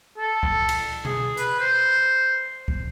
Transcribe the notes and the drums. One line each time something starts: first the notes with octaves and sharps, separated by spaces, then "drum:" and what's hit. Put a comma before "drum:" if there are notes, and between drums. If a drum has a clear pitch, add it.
A4
drum: kick C2
drum: cymbal
G#4, drum: tom B2
B4, drum: hi-hat
C5
drum: kick C2